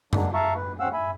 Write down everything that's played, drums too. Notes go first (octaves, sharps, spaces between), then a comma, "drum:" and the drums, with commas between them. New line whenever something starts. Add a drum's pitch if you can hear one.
F#3 G#3 A#3 D4, drum: tom F#2
E5 F5 A5 A#5 C#6
B4
D#2 C4 C#4 F5 F#5 E6
E5 G#5 B5